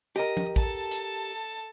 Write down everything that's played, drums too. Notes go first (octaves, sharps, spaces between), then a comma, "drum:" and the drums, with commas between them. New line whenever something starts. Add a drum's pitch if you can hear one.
G4 A#4 D#5
drum: tom
A4 A5, drum: kick
drum: hi-hat